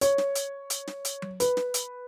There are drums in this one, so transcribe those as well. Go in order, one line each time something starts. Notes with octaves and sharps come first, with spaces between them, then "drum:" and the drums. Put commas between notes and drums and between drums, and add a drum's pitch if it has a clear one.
C#5, drum: hi-hat
drum: snare
drum: hi-hat
drum: hi-hat
drum: snare
drum: hi-hat
drum: tom F#3
B4, drum: hi-hat
drum: snare
drum: hi-hat